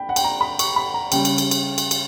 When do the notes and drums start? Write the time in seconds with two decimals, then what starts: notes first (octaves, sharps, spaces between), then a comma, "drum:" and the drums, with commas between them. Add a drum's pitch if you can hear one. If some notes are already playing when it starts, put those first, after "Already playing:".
Already playing: G5 B5
0.09 F#5
0.16 G5, drum: cymbal
0.24 A#5
0.41 B5
0.59 C#6, drum: cymbal
0.76 B5
0.94 A#5
1.12 C#3 G3 C#4 G5, drum: cymbal
1.25 drum: cymbal
1.38 drum: cymbal
1.51 drum: cymbal
1.78 drum: cymbal
1.91 drum: cymbal